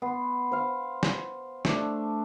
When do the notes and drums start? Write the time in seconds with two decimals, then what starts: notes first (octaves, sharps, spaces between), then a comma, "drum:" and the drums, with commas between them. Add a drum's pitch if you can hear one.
0.02 B3 C6
0.52 C5 F5
1.03 drum: snare
1.65 A3 D4, drum: snare